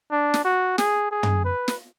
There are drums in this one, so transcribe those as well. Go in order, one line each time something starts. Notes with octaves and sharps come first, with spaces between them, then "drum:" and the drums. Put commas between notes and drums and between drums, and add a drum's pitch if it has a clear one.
D4
drum: snare
F#4
G#4, drum: snare
G#4
drum: tom
B4
drum: snare